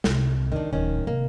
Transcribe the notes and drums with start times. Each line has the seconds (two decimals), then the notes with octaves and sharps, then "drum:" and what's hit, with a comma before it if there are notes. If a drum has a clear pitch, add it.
0.04 C2 C3, drum: snare
0.52 E2 D#3 D4
0.73 D1 A2 D#3 C#4
1.07 C3 A#3